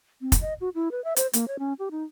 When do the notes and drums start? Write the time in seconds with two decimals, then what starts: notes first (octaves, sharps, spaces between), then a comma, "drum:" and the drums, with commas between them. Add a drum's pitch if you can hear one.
0.21 C4
0.32 drum: kick, hi-hat
0.41 D#5
0.61 F#4
0.75 E4
0.91 B4
1.04 E5
1.16 C5, drum: hi-hat
1.33 A#3, drum: hi-hat
1.48 C#5
1.59 C#4
1.79 G4
1.91 D#4